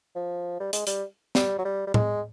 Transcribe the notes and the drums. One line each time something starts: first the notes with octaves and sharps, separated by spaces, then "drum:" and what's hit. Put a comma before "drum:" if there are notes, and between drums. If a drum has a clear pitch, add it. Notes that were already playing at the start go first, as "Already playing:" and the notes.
F3
G3
G#3, drum: hi-hat
G3, drum: hi-hat
G3, drum: snare
F#3
G3
G3
G#3, drum: tom A2